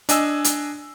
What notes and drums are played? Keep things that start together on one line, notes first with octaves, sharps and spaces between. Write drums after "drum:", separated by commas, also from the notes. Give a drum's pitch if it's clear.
D4 D#5 G#5 E6, drum: hi-hat
drum: hi-hat